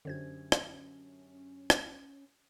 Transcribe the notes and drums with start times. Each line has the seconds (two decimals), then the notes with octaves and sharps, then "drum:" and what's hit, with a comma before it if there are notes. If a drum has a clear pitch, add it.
0.05 F#2 D3 C#4 D4 G4 C5 G#6
0.52 drum: rim click
1.70 drum: rim click